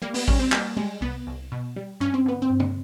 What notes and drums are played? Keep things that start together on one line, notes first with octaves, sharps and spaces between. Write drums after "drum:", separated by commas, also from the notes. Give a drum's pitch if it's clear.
G3 A#3
B3, drum: open hi-hat
G3 C#4, drum: kick A1
C4
G3 A#3, drum: clap
G3 G#3
C2 B3
C2
B2
G3
G2 C#4
C4
D3 B3
C4
G2
drum: tom